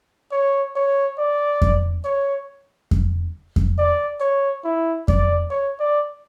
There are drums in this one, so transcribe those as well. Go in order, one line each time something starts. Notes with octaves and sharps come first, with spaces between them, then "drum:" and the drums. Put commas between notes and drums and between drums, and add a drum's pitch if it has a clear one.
C#5
C#5
D5
drum: kick F2
C#5
drum: kick F2
drum: kick F2
D5
C#5
E4
D5, drum: kick F2
C#5
D5